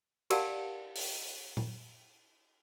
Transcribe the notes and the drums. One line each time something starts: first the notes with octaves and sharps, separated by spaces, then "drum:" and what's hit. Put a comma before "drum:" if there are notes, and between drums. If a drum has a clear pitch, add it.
G4 A#4 D5 F5 F#5 A5, drum: cymbal
drum: open hi-hat
drum: tom A#2